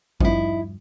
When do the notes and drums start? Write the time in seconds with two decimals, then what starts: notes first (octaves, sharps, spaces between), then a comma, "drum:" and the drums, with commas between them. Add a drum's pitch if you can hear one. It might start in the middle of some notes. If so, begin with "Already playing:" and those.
0.21 G2 F3 D#4 E4, drum: kick G#1